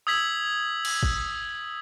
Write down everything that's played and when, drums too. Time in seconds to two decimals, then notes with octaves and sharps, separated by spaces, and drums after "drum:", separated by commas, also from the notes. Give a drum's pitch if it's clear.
0.07 D#6 E6 G#6 B6 F#7
0.85 drum: cymbal
1.03 drum: kick